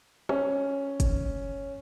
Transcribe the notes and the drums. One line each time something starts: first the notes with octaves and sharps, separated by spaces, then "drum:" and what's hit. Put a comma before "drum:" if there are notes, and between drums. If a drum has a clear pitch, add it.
C#4, drum: rim click
drum: kick, hi-hat